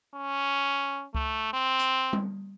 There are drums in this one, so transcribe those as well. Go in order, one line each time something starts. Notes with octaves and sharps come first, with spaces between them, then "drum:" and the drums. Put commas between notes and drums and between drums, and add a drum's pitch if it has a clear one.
C#4
A3, drum: kick C#2
C4
drum: hi-hat
drum: tom G3